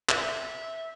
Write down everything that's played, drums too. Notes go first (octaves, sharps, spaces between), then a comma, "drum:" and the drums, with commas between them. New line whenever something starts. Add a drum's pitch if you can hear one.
E5, drum: clap